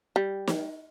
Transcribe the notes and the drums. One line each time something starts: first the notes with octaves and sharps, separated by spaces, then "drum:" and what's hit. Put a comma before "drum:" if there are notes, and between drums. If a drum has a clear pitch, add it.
G3
drum: snare